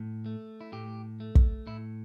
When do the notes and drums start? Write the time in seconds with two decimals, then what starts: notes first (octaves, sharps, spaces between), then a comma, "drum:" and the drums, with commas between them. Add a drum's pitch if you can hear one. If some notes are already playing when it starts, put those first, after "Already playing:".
Already playing: A2
0.26 A3
0.61 E4
0.72 A2 G4
1.20 A3
1.35 drum: kick
1.67 A2 E4